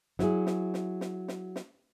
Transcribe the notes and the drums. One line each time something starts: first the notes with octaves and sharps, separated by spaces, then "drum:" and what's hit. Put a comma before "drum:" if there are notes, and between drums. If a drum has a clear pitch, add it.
F#3 E4 G#4, drum: snare
drum: snare
drum: snare
drum: snare
drum: snare
drum: snare